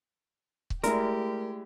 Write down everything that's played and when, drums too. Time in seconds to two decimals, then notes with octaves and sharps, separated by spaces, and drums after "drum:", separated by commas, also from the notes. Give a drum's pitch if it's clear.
0.70 drum: kick C#1
0.84 G#3 A3 E4 G4 G#4 A#4, drum: hi-hat